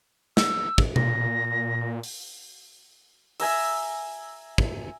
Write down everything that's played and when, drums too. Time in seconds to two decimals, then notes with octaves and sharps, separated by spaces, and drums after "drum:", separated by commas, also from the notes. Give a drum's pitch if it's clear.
0.37 E6, drum: snare
0.78 drum: kick
0.96 A#2 A#6, drum: tom B2
2.03 drum: open hi-hat
3.40 E5 G#5 A#5 E6, drum: open hi-hat
4.58 drum: kick